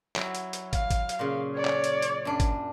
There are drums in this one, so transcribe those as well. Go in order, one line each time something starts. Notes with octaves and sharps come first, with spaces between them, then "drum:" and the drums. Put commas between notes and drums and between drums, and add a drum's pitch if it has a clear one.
F#3 E4, drum: clap
drum: hi-hat
drum: hi-hat
F5, drum: kick, hi-hat
drum: kick, hi-hat
drum: hi-hat
A#2 C#3
C#5 D5
drum: clap
drum: hi-hat
drum: hi-hat
F#2 D4
drum: kick, hi-hat